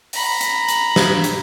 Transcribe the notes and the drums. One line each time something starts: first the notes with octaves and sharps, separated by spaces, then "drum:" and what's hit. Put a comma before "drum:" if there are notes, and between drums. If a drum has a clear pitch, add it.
A#5 B5, drum: open hi-hat
drum: hi-hat
drum: hi-hat
drum: snare
drum: hi-hat